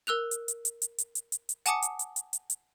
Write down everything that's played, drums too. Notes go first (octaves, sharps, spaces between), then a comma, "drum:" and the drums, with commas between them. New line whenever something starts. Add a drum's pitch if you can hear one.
A#4 E6 F#6 F7
drum: hi-hat
drum: hi-hat
drum: hi-hat
drum: hi-hat
drum: hi-hat
drum: hi-hat
drum: hi-hat
drum: hi-hat
F#5 G#5 A5 D6 D#6 C#7, drum: hi-hat
drum: hi-hat
drum: hi-hat
drum: hi-hat
drum: hi-hat
drum: hi-hat